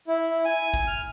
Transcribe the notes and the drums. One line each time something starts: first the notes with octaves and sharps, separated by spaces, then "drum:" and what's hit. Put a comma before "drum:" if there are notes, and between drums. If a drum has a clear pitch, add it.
E4
G#5
drum: kick G#1
F6